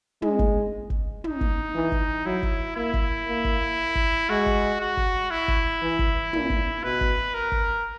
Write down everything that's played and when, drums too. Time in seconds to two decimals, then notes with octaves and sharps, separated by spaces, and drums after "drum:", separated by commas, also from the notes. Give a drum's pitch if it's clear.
0.22 G#3, drum: tom
0.39 drum: kick
0.90 drum: kick
1.24 D#4, drum: tom
1.41 drum: kick
1.75 E3
1.92 drum: kick
2.26 F#3 E4
2.43 drum: kick
2.76 A#3 E4
2.94 drum: kick
3.27 A#3
3.45 drum: kick
3.95 drum: kick
4.30 G#3 F#4
4.46 drum: kick
4.80 F#4
4.97 drum: kick
5.31 E4
5.48 drum: kick
5.82 E3
5.99 drum: kick
6.33 A#2, drum: tom
6.50 drum: kick
6.84 B2 B4
7.01 drum: kick
7.34 A#4
7.52 drum: kick